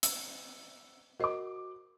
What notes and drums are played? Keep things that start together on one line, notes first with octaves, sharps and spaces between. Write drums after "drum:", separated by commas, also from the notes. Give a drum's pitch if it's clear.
E6, drum: hi-hat
F#4 A#4 C5 D#5 D6